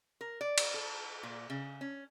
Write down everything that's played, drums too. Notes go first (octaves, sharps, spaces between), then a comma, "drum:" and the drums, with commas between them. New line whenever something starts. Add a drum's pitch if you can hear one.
A#4
D5
drum: cymbal
A4
A#2
C#3
C#4